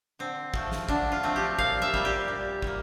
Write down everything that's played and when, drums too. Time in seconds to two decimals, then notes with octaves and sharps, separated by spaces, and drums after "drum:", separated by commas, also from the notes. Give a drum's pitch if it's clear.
0.19 D3 C4
0.54 F3 A3 C4, drum: kick
0.72 drum: snare
0.89 D3 D4, drum: kick
1.12 F4
1.23 F3 A3 C4
1.36 G4
1.59 A#2 F5, drum: kick
1.82 E5
1.94 G3 A#3, drum: kick
2.05 G4
2.28 A#2
2.62 G3 A#3, drum: kick